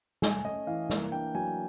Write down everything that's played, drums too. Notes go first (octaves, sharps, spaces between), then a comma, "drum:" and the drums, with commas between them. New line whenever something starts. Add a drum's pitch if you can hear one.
A3 G#5, drum: snare
C#4 D#5
E3 F5
A#3, drum: snare
D4 G5
F#3 G#5